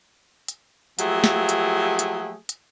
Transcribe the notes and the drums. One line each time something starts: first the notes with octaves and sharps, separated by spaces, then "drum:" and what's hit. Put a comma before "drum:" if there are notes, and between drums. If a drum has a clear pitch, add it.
drum: hi-hat
F3 F#3 A3 A#3 G4 G#4, drum: hi-hat
drum: snare
drum: hi-hat
drum: hi-hat
drum: hi-hat